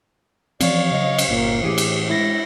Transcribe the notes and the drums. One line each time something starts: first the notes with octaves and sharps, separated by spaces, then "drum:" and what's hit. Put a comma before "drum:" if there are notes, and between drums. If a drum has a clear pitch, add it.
E3 F3 C4 C#5 D5 F5, drum: cymbal
C#3 F#3 D#5
drum: cymbal
G1 A#2 A#3
A2 E3 G4 G#4
drum: cymbal
G#3 E4 A#6